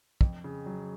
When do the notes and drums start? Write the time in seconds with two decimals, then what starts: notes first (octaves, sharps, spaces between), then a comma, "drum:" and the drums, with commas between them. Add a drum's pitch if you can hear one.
0.21 F2, drum: kick
0.44 C#3
0.66 F#3